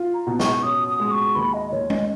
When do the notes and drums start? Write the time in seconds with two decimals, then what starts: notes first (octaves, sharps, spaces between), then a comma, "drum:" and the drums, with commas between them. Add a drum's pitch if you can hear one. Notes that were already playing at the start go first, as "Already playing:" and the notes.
Already playing: F4
0.14 A#5
0.27 B2
0.40 C#6, drum: snare
0.63 C#4 D#6
0.88 D#6
1.00 G#3
1.11 C#6
1.35 D#2 B5
1.54 D#5
1.72 D#2 C#5
1.90 D#5, drum: tom G#3